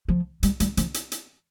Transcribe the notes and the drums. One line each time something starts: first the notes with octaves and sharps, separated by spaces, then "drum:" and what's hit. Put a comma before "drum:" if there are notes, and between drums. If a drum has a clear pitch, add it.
F3
G3, drum: hi-hat
G3, drum: hi-hat
F3, drum: hi-hat
drum: hi-hat
drum: hi-hat